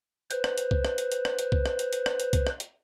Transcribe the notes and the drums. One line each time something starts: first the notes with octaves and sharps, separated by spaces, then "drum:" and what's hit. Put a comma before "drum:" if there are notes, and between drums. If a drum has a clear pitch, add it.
B4 C5, drum: hi-hat
drum: rim click
drum: hi-hat
drum: kick
drum: rim click
drum: hi-hat
drum: hi-hat
drum: rim click
drum: hi-hat
drum: kick
drum: rim click
drum: hi-hat
drum: hi-hat
drum: rim click
drum: hi-hat
drum: kick, hi-hat
drum: rim click
drum: hi-hat